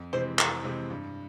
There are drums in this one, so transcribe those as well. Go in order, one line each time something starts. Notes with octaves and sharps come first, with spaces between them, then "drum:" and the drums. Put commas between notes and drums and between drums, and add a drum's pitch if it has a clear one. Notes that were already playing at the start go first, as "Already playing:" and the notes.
Already playing: F2
C3 E3 G#3 C4 C5
F2 A#4, drum: clap
C3 E3 G#3 C4
G2